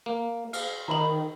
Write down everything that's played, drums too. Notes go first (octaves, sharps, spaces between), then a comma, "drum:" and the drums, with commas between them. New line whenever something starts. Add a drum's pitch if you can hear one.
A#3
F5, drum: cymbal
D#3 A#5 B5 F#7